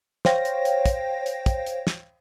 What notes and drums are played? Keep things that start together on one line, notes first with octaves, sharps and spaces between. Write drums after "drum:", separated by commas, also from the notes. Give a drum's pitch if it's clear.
C5 C#5 F5 G5 A#6, drum: snare
drum: hi-hat
drum: hi-hat
drum: kick, hi-hat
drum: hi-hat
drum: kick, hi-hat
drum: hi-hat
drum: snare